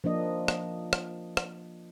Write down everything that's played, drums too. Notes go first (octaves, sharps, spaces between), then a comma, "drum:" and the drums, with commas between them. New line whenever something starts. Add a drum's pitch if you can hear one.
F3 A#3 D4 D#5
drum: rim click
drum: rim click
drum: rim click